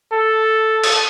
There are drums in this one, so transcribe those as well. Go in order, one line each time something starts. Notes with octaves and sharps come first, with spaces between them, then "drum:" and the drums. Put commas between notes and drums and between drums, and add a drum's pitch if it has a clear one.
A4
drum: cymbal